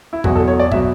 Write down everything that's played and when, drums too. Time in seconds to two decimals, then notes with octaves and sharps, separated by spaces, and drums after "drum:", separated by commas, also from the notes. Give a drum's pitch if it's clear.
0.13 E4
0.24 E2 B2 F#3 F#4, drum: kick
0.36 A4
0.48 C#5
0.60 D5
0.72 B2 F#3 E5, drum: kick